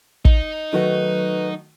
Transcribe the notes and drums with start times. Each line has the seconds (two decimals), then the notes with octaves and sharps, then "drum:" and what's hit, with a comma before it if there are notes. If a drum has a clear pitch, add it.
0.25 D#4, drum: kick
0.73 D#3 F#3 A3 F#4 B4